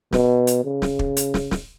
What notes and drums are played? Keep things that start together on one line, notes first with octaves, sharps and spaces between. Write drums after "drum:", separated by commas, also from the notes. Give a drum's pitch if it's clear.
B2, drum: snare
drum: hi-hat
C#3
drum: snare
drum: kick
drum: hi-hat
drum: snare
drum: snare